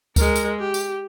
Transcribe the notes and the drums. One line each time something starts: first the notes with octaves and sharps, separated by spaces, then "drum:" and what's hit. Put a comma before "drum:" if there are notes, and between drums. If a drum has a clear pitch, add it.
G#3 A#4, drum: kick D2, tambourine
drum: tambourine
G4
drum: tambourine